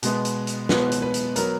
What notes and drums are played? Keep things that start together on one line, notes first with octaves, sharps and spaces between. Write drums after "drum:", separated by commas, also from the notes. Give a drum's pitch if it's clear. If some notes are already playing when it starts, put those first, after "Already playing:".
B2 G#3 B3, drum: hi-hat
drum: hi-hat
drum: hi-hat
B2 G#3 B3 B4, drum: snare
drum: hi-hat
B4
drum: hi-hat
F#3 B3 A#4, drum: hi-hat